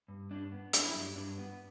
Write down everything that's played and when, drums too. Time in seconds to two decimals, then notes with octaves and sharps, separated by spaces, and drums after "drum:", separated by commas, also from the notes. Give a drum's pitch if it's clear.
0.08 G2
0.31 G2 D4
0.52 B3
0.73 F#3 D4, drum: hi-hat
0.84 E4
0.94 G2 D4
1.16 G2 D4
1.38 B3